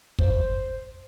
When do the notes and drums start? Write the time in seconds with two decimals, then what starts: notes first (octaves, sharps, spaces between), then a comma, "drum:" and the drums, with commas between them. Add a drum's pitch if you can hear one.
0.19 C5, drum: kick